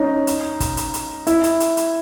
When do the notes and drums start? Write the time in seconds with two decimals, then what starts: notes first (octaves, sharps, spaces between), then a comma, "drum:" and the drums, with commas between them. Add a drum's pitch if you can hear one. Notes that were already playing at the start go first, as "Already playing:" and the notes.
Already playing: C#4 D#4
0.27 drum: hi-hat
0.60 drum: kick, hi-hat
0.77 drum: hi-hat
0.94 drum: hi-hat
1.27 E4, drum: hi-hat
1.44 drum: hi-hat
1.60 drum: hi-hat
1.77 drum: hi-hat